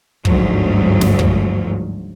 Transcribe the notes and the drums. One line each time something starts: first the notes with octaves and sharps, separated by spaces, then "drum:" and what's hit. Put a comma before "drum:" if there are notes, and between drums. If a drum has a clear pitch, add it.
G1 D2 G#2 F3 F#3, drum: kick
drum: snare
drum: kick